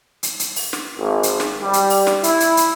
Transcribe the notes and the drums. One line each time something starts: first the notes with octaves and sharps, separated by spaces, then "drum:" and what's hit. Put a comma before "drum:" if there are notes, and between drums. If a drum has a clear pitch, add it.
drum: hi-hat
drum: hi-hat
drum: open hi-hat
drum: snare
G#1
drum: hi-hat
drum: snare
G3
drum: hi-hat
drum: open hi-hat
drum: snare
E4, drum: hi-hat
drum: hi-hat
drum: hi-hat